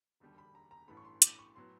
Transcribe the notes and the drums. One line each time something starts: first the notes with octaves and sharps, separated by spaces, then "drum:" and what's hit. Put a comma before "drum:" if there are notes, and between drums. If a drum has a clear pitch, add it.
E1 D#2 D3 G3
B5
A#5
A#5
A1 G2 E3 A3 B5
C#6
C6
D6, drum: hi-hat
C#6
A2 F#3 B3 C6